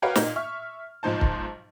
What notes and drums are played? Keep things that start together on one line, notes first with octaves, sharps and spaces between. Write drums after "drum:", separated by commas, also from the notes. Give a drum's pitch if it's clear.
F#4 G4 A#4 B4 C#5 F5
A#2 D#4, drum: snare
E5 C#6 F6
B1 G#2 F3 D#4 C5 A5
drum: kick